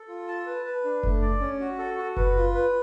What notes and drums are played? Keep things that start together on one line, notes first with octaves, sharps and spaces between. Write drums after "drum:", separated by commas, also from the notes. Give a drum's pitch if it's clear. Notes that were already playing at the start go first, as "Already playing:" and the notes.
Already playing: A4
F4
A5
B4
B4
D4
A3, drum: kick F#1
D5
C#4
F#4
A4
F#4
B4, drum: kick F#1
F4
B4